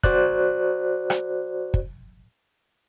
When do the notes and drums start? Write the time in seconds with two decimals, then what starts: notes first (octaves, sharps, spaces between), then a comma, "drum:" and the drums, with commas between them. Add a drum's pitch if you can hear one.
0.03 F#4 C5 D5 F#6, drum: kick
1.10 drum: rim click
1.74 drum: kick